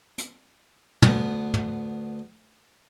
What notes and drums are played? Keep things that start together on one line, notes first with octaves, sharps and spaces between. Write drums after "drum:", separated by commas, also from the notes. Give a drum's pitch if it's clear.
drum: hi-hat
D2 B3, drum: tom
drum: tom